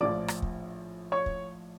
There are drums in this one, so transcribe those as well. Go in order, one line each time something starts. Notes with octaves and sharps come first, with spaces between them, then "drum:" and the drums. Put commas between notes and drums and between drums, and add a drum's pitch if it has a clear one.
A#1 A2 F3 D5 D6
drum: rim click
drum: kick
C#5 C#6
drum: kick